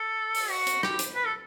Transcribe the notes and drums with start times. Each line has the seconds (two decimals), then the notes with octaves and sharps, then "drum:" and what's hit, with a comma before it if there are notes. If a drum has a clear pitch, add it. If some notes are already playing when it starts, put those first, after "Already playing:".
Already playing: A4
0.34 drum: open hi-hat
0.50 F#4
0.67 drum: hi-hat
0.83 G4, drum: rim click
0.99 drum: hi-hat
1.15 B4
1.25 A4